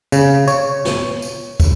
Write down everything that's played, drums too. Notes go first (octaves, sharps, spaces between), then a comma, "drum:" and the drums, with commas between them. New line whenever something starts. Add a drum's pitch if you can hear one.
C#3, drum: tambourine
C#5, drum: tambourine
drum: snare
drum: tambourine
drum: kick, tambourine